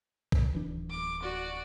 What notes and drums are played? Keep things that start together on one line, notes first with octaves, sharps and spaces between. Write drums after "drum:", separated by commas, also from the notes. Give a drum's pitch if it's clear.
drum: kick A#1
D1 E3 D4
D6
F#4 D5